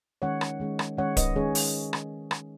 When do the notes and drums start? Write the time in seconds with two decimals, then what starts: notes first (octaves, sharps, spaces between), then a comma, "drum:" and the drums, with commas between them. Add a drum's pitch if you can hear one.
0.22 D#3 G#3 C#4 C#5 F#5
0.41 drum: rim click
0.60 D#3 G#3 C#4
0.79 drum: rim click
0.97 D#3 G#3 C#4 C#5 F#5
1.17 B4 D#5, drum: kick D1, hi-hat
1.36 D#3 G#3 C#4 G#4 C#5
1.55 drum: open hi-hat
1.93 drum: rim click
2.31 drum: rim click